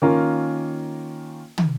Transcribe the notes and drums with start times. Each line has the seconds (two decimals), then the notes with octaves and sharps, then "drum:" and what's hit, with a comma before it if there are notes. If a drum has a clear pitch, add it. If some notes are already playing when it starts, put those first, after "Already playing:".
0.02 D#3 A#3 C#4 F4 A#4
1.58 drum: tom